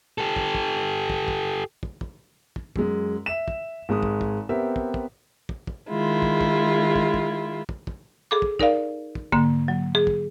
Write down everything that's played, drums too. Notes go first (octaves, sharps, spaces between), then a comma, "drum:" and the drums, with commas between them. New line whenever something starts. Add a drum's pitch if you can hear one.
G4 A4
drum: kick
drum: kick
drum: kick
drum: kick
drum: kick
drum: kick
drum: kick
F#2 G#3, drum: kick
E5 E7
drum: kick
G#1 G#3 D#6
drum: kick
drum: kick
B3 C4 G4 A#4 E5
drum: kick
drum: kick
drum: kick
drum: kick
D#3 G#3 E4 F4
drum: kick
drum: kick
drum: kick
drum: kick
drum: kick
drum: kick
G#4 A4 D6
drum: kick
D#4 A#4 D5 F5, drum: kick
drum: kick
G#2 D3 A#3, drum: kick
F#3
G#4
drum: kick